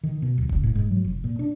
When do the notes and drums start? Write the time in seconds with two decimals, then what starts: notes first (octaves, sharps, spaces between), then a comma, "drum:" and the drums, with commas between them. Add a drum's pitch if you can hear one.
0.03 D#3
0.22 B2
0.38 D1
0.49 C#2, drum: kick D#1
0.63 A2
0.75 G#2
0.91 F#3
1.04 F1
1.24 A#2
1.39 D4